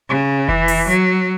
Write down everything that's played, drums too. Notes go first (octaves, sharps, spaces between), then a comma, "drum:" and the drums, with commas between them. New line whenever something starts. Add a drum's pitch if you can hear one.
C#3
E3, drum: kick F1
drum: open hi-hat
F#3